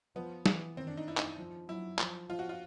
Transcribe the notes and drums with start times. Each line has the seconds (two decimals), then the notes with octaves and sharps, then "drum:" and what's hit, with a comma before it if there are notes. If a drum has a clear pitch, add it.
0.15 F3 B3
0.46 E3, drum: snare
0.77 D#3 C4
0.87 D4
0.97 D#4
1.08 E4
1.17 D#4, drum: clap
1.38 F3
1.68 F#3 E4
1.99 F3, drum: clap
2.29 F3 F4
2.39 F#4
2.49 F4